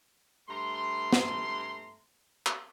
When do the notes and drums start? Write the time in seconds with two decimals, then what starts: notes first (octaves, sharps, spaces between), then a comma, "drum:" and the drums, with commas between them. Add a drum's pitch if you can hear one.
0.49 G2 A3 A#5 C6
1.13 drum: snare
2.46 drum: clap